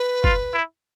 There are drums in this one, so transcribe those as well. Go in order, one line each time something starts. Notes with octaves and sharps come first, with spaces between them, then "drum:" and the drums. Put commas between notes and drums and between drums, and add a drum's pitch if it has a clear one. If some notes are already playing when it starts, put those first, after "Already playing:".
Already playing: B4
F4, drum: kick F#1
E4